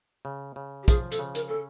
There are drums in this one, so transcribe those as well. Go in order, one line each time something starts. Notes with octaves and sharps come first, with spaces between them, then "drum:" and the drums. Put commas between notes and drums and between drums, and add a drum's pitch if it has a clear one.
C#3
C#3
G4
F3 G#4, drum: kick, hi-hat
A4, drum: hi-hat
C#3
A#4, drum: hi-hat
C#4 A4